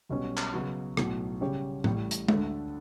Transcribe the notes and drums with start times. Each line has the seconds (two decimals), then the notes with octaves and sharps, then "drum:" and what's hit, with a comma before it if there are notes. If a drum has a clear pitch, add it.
0.09 B1 B2 G3 C#4
0.37 drum: clap
0.54 C#3 F#3 B3 F#4
0.97 B1 A2 F#3, drum: rim click
1.41 C#3 G3 C#4 G4 C#5
1.84 A1 A2 G3, drum: tom A2
2.11 drum: hi-hat
2.28 D2 D3 A3 D4 A4, drum: tom G#3